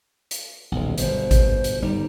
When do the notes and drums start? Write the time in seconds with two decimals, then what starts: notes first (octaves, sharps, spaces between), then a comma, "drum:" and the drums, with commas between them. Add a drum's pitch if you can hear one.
0.31 drum: hi-hat
0.72 D#1 B1
0.98 G1 B2 C5, drum: hi-hat
1.31 drum: kick G#1, hi-hat
1.64 drum: hi-hat
1.82 G1 G3 D#4